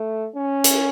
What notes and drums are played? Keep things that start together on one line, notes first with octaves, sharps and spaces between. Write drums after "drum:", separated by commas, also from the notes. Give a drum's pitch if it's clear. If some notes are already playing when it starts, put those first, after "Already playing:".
Already playing: A3
C#4
drum: hi-hat